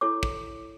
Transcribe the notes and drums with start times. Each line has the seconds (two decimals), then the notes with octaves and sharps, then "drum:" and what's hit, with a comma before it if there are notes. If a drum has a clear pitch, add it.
0.01 E4 A4 C#5 D6
0.23 drum: kick